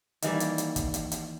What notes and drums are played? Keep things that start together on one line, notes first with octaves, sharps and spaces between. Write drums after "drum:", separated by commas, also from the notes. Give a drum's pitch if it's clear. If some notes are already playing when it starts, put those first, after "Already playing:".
D#3 E3 G3 A#3, drum: hi-hat
drum: hi-hat
drum: hi-hat
drum: kick, hi-hat
drum: hi-hat
drum: hi-hat